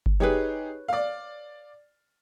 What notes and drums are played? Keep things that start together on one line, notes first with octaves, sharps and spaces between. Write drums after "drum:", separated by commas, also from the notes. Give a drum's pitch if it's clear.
drum: kick G1
D#4 G4 G#4 B4 C#5, drum: tom F3
D5 F5